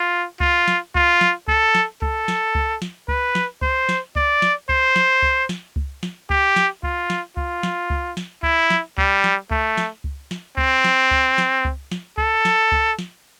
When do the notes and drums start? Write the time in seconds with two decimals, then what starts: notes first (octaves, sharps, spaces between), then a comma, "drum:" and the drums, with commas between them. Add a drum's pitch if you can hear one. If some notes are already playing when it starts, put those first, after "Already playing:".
Already playing: F4
0.40 F4, drum: kick C#2
0.68 drum: snare
0.95 F4, drum: kick C#2
1.21 drum: snare
1.48 A4, drum: kick C#2
1.75 drum: snare
2.02 A4, drum: kick C#2
2.28 drum: snare
2.55 drum: kick C#2
2.82 drum: snare
3.08 B4, drum: kick C#2
3.35 drum: snare
3.62 C5, drum: kick C#2
3.89 drum: snare
4.16 D5, drum: kick C#2
4.42 drum: snare
4.69 C5, drum: kick C#2
4.96 drum: snare
5.23 drum: kick C#2
5.49 drum: snare
5.76 drum: kick C#2
6.03 drum: snare
6.30 G4, drum: kick C#2
6.56 drum: snare
6.83 F4, drum: kick C#2
7.10 drum: snare
7.37 F4, drum: kick C#2
7.63 drum: snare
7.90 drum: kick C#2
8.17 drum: snare
8.43 E4, drum: kick C#2
8.70 drum: snare
8.98 G3, drum: kick C#2
9.24 drum: snare
9.51 A3, drum: kick C#2
9.77 drum: snare
10.04 drum: kick C#2
10.31 drum: snare
10.57 C4, drum: kick C#2
10.84 drum: snare
11.11 drum: kick C#2
11.38 drum: snare
11.65 drum: kick C#2
11.92 drum: snare
12.18 A4, drum: kick C#2
12.45 drum: snare
12.72 drum: kick C#2
12.99 drum: snare